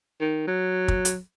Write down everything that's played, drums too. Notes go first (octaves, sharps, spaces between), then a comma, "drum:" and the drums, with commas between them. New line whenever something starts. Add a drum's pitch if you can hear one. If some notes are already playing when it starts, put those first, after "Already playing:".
D#3
F#3
drum: kick
drum: hi-hat